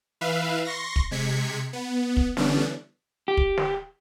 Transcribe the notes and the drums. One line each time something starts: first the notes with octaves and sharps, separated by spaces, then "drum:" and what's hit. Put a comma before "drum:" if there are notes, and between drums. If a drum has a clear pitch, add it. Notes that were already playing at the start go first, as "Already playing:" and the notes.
E3 B4 E5 F5
C6 C#6 A#6
drum: kick
C3 G#3 G#6 B6 C#7
B3
drum: kick
D3 E3 G3 B3 C#4 D4, drum: snare
G4
drum: kick
drum: snare